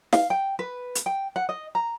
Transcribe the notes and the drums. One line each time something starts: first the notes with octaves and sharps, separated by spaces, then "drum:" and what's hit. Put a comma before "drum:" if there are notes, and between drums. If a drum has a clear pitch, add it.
F5, drum: snare
G5
B4
drum: hi-hat
G5
F#5
D#5
A#5